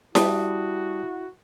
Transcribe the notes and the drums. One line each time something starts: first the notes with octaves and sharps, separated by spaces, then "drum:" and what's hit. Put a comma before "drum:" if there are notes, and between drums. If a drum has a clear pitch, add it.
G3 E4 F#4 A5 D#6, drum: snare E4